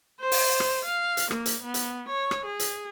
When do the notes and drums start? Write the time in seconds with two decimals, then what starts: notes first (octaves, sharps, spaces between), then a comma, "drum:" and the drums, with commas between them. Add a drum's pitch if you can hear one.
0.20 C5
0.32 drum: open hi-hat
0.60 drum: rim click
0.85 F5
1.17 drum: hi-hat
1.31 A#3, drum: rim click
1.46 drum: hi-hat
1.63 B3
1.74 drum: hi-hat
2.08 C#5
2.31 drum: rim click
2.45 G#4
2.59 drum: hi-hat